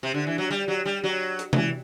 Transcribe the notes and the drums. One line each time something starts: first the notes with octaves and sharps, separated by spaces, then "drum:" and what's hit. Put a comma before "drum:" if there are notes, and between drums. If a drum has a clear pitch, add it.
C3
D3
E3
F#3
G3
F#3
G3
F#3
drum: hi-hat
F#3, drum: tom C3
E3